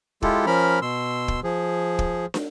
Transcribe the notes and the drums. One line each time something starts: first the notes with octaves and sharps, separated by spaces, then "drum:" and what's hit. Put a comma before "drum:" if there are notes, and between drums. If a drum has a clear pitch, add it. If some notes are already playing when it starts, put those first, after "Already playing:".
G#3 E4 F4 G4 A4, drum: kick
F3 C#4 A#4 B5 F6
B2 C6 E6
drum: kick
F3 G#4
drum: kick
drum: snare